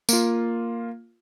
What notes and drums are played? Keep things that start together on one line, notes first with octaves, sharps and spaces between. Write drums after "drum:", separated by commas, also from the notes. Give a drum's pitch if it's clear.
A#3 F4, drum: tambourine